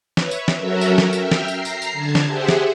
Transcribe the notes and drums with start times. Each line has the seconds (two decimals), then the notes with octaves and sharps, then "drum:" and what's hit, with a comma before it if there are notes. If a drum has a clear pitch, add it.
0.17 B4 C#5 E5, drum: snare
0.31 drum: tambourine
0.48 drum: snare
0.57 F#3 C#4 F#4 A4 A#4 E5
0.81 drum: tambourine
0.98 drum: snare
1.13 E5 G5 F6, drum: tambourine
1.32 drum: snare
1.48 A#5 C7, drum: tambourine
1.65 drum: tambourine
1.82 drum: tambourine
1.92 D3 A5 G#6
2.15 drum: snare
2.24 G4 G#4 C5 E5 F#5
2.49 drum: snare